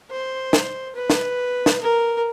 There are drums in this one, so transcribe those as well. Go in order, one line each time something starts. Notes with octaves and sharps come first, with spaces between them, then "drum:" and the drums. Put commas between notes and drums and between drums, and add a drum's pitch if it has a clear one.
C5
drum: snare
B4
drum: snare
drum: snare
A#4